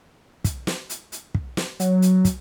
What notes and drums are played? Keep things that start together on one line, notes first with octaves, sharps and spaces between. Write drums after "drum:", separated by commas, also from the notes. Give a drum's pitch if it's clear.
drum: kick, hi-hat
drum: snare
drum: hi-hat
drum: hi-hat
drum: kick
drum: snare
F#3, drum: hi-hat
drum: hi-hat
drum: kick, hi-hat